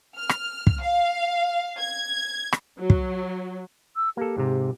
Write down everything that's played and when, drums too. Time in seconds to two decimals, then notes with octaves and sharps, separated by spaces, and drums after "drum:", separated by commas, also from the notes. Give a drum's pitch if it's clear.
0.16 F6
0.29 drum: rim click
0.67 drum: kick
0.81 F5
1.78 G#6
2.53 drum: rim click
2.80 F#3
2.90 drum: kick
3.96 E6
4.17 A#3 G4 A4
4.38 G#2 C3